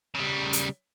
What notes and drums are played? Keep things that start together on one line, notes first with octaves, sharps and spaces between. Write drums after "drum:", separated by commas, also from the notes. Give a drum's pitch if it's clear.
C#3 G3
drum: hi-hat